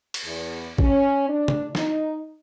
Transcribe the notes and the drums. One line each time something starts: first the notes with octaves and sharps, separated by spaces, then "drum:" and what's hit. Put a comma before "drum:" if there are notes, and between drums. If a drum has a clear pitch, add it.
drum: cymbal
E2
C#4, drum: kick
D4
drum: tom
D#4, drum: snare